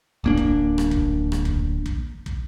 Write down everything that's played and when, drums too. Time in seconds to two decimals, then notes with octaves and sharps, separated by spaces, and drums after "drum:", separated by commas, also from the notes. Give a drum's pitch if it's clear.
0.24 D1 A#3 D4
0.37 drum: kick
0.78 drum: rim click
0.91 drum: kick
1.32 drum: rim click
1.45 drum: kick
1.86 drum: kick
2.26 drum: kick